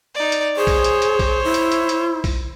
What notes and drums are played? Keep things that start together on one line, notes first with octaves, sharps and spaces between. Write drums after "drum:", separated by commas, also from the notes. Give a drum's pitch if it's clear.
D#4 D5
drum: hi-hat
G#4 C5 C#5
drum: kick B1, open hi-hat
drum: hi-hat
drum: hi-hat
drum: kick B1, open hi-hat
E4
drum: hi-hat
drum: hi-hat
drum: hi-hat
drum: kick B1, open hi-hat